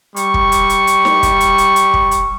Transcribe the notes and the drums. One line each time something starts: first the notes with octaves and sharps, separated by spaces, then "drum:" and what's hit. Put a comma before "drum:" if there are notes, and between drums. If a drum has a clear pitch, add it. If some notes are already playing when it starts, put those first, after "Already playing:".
G3 C#6, drum: hi-hat
drum: kick
drum: hi-hat
drum: hi-hat
drum: hi-hat
drum: snare D#4
drum: kick, hi-hat
drum: hi-hat
drum: hi-hat
drum: hi-hat
drum: kick
drum: hi-hat